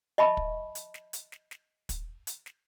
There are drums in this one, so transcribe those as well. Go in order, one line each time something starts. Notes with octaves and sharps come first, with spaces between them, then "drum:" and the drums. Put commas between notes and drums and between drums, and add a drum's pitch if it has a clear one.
D#5 E5 A5 B5 C#6
drum: kick
drum: hi-hat
drum: snare
drum: hi-hat
drum: snare
drum: snare
drum: kick, hi-hat
drum: hi-hat
drum: snare